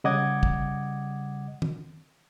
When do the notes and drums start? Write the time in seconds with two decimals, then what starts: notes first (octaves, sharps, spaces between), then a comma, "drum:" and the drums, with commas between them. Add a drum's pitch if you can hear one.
0.04 C#3 G3 D#5 F#5 D6 G#6
0.43 drum: kick
1.62 drum: tom D#3